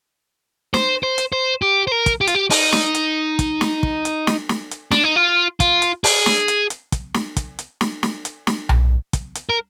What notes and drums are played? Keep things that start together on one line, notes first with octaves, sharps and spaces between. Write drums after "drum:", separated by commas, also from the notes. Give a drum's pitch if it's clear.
C5, drum: snare
C5
drum: hi-hat
C5
G4
C5
A#4
drum: kick, hi-hat
G4
F4, drum: hi-hat
G4
D#4, drum: open hi-hat
drum: snare
drum: hi-hat
drum: kick, hi-hat
drum: snare
drum: kick
drum: hi-hat
drum: snare
drum: snare
drum: hi-hat
D4, drum: snare
D#4
F4
F4, drum: kick, hi-hat
drum: hi-hat
G#4, drum: open hi-hat
drum: snare
drum: hi-hat
drum: hi-hat
drum: kick, hi-hat
drum: snare
drum: kick, hi-hat
drum: hi-hat
drum: snare
drum: snare
drum: hi-hat
drum: snare
drum: tom B1
drum: kick, hi-hat
drum: hi-hat
A#4